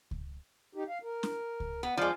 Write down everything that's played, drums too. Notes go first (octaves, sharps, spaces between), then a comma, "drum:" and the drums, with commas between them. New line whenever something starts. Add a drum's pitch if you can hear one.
drum: kick C#2
D#4 G4
F5
A#4
drum: snare
drum: kick C#2
B3
E2 F3 G#3 D5